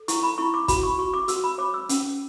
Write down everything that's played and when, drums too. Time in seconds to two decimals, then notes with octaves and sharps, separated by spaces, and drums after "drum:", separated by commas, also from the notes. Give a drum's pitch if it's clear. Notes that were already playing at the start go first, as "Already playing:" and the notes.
Already playing: A4
0.08 E4 C#6, drum: hi-hat
0.23 B5
0.38 E4 C#6
0.54 D6
0.68 F#4 B5, drum: kick, hi-hat
0.83 C#6
0.98 F#4 C#6
1.13 D6
1.28 F#4 E6, drum: hi-hat
1.44 B5
1.58 C#5 D6
1.74 E6
1.89 C#4, drum: hi-hat